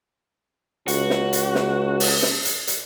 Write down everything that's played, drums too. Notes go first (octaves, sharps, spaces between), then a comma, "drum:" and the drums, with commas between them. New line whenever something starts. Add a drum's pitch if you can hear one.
C#2 F#4, drum: hi-hat
drum: snare
drum: hi-hat
drum: snare
drum: open hi-hat
drum: snare
drum: hi-hat
drum: hi-hat